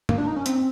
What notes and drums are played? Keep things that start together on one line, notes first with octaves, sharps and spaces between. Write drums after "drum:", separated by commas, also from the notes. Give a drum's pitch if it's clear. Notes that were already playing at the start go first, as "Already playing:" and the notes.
A#3, drum: tom G#2
D4
D#4
C#4
C4, drum: hi-hat